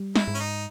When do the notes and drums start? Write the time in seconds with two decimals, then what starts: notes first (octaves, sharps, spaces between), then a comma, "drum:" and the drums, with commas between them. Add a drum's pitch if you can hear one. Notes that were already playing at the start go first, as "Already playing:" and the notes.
Already playing: G3
0.16 E4, drum: snare
0.27 G#2
0.34 C#4
0.40 D#4